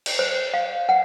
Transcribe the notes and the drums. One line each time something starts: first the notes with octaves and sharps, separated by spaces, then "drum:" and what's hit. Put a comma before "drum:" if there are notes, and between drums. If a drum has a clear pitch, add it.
drum: cymbal
C5
F5
F#5